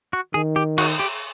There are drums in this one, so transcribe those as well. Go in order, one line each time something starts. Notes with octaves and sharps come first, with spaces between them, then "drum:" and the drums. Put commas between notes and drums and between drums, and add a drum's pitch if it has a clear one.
F#4
D#3 G#4
G4
F#4, drum: cymbal
G4